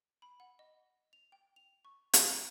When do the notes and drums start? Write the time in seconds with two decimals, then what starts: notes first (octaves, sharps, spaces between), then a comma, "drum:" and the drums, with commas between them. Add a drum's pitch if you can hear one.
0.22 B5
0.40 F#5
0.59 D#5
1.13 F7
1.32 G5
1.56 F7
1.85 C#6
2.13 G5, drum: hi-hat